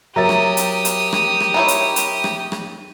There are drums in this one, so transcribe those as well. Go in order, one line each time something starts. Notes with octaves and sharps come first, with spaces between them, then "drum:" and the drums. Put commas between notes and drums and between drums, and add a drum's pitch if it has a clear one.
F#3 G4 A#4 E5 A#5 D#6 A6
drum: rim click
drum: hi-hat
drum: hi-hat
drum: rim click
drum: rim click
D#4 E4 C#5
drum: hi-hat
drum: hi-hat
drum: rim click
drum: rim click